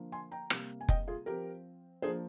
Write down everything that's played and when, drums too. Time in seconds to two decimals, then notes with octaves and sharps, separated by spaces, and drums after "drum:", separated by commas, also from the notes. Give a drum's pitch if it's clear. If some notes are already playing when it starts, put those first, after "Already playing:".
Already playing: D3 F3 A#3
0.12 G#5 C6
0.32 G5 A#5
0.50 C3 G3 A#3, drum: rim click
0.81 G#5
0.89 D#5 G5, drum: kick F1
1.08 F4 G#4
1.26 F3 C4 G4 A#4
2.02 F3 A#3 D4 G#4 C5